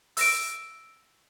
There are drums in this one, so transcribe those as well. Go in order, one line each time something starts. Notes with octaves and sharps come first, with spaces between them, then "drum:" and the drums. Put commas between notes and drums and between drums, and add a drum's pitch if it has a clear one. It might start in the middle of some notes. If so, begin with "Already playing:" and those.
E6 A#6 D7, drum: open hi-hat